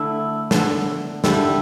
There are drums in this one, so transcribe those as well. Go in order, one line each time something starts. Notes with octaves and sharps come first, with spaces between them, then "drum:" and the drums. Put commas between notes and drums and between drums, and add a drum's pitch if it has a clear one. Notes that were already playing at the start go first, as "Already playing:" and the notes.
Already playing: D3 A3 D4 E4
D3 B3 D4, drum: snare
D3 G3 D4 E4, drum: snare